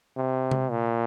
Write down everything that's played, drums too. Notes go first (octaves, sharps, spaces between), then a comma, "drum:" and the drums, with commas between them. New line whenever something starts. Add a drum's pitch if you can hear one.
C3
drum: tom C3
A#2